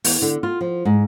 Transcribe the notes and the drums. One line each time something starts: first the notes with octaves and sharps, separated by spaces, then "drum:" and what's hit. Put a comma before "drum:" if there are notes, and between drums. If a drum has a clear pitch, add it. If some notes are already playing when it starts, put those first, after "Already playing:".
E2, drum: open hi-hat
D3
F4
F3
G#2